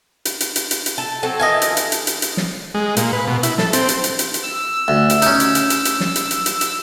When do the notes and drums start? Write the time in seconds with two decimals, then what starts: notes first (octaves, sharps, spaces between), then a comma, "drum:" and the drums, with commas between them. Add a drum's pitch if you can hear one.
0.25 drum: hi-hat
0.40 drum: hi-hat
0.56 drum: hi-hat
0.71 drum: hi-hat
0.86 drum: hi-hat
0.98 A4
1.23 F#3 C4 A4
1.40 D#3 E3 F4 D#5 G#5
1.62 drum: hi-hat
1.77 drum: hi-hat
1.92 drum: hi-hat
2.07 drum: hi-hat
2.22 drum: hi-hat
2.37 drum: snare
2.74 G#3
2.97 A#2, drum: hi-hat
3.13 B4
3.27 B2
3.43 E4, drum: hi-hat
3.58 A4, drum: snare
3.73 C4, drum: hi-hat
3.89 drum: hi-hat
4.04 drum: hi-hat
4.19 drum: hi-hat
4.34 drum: hi-hat
4.43 E6
4.88 D2
5.10 drum: hi-hat
5.22 C#4 D#4, drum: hi-hat
5.40 drum: hi-hat
5.55 drum: hi-hat
5.70 drum: hi-hat
5.85 drum: hi-hat
6.00 drum: snare
6.16 drum: hi-hat
6.31 drum: hi-hat
6.46 drum: hi-hat
6.61 drum: hi-hat